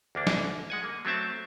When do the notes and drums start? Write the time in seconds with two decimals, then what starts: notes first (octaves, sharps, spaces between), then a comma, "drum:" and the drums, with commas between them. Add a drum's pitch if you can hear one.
0.15 D2 A#3 D4
0.27 drum: snare
0.70 G#3 F#5 G#5
0.84 A#3
1.05 F#3 A3 C4 E5 A5